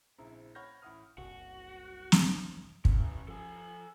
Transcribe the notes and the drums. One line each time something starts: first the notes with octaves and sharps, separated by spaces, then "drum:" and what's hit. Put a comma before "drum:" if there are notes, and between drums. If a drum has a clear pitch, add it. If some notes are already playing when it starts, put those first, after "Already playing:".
A#1 C#3 C4 E4 A#5
C#5 F#5 B5 F6 G6 A#6
A1 E4 F#5 B5 D#6 F6
F#1 C2 F#4
drum: snare
E3 C#4, drum: kick
F3 A4 G#5